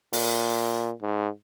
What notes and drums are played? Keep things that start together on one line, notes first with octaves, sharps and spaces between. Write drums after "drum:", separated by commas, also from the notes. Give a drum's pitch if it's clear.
A#2, drum: open hi-hat
G#2